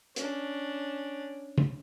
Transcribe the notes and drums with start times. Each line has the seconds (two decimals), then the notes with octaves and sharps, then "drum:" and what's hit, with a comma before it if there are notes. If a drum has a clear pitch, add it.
0.16 C#4 D4, drum: hi-hat
1.58 drum: tom